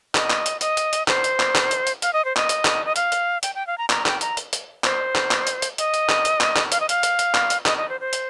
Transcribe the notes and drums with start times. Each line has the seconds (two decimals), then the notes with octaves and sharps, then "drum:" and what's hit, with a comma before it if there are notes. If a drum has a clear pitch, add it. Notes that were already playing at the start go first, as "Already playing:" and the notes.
0.15 D#5, drum: clap
0.30 drum: clap
0.46 drum: hi-hat
0.61 D#5, drum: hi-hat
0.77 drum: hi-hat
0.93 drum: hi-hat
1.08 C5, drum: clap
1.24 drum: hi-hat
1.40 drum: clap
1.55 drum: clap
1.71 drum: hi-hat
1.87 drum: hi-hat
2.02 F5, drum: hi-hat
2.13 D#5
2.25 C5
2.36 D#5, drum: clap
2.49 drum: hi-hat
2.65 drum: clap
2.86 D#5
2.96 F5, drum: hi-hat
3.12 drum: hi-hat
3.43 G5, drum: hi-hat
3.55 G5
3.67 F5
3.78 A#5
3.90 A#5, drum: clap
4.06 G5, drum: clap
4.21 A#5, drum: hi-hat
4.37 drum: hi-hat
4.53 drum: hi-hat
4.84 C5, drum: clap
5.15 drum: clap
5.31 drum: clap
5.47 drum: hi-hat
5.62 drum: hi-hat
5.78 D#5, drum: hi-hat
5.94 drum: hi-hat
6.09 drum: clap
6.25 drum: hi-hat
6.41 drum: clap
6.56 drum: clap
6.72 F5, drum: hi-hat
6.80 D#5
6.89 F5, drum: hi-hat
7.03 drum: hi-hat
7.19 drum: hi-hat
7.35 drum: clap
7.50 drum: hi-hat
7.66 D#5, drum: clap
7.77 D#5
7.89 C5
8.00 C5
8.13 drum: hi-hat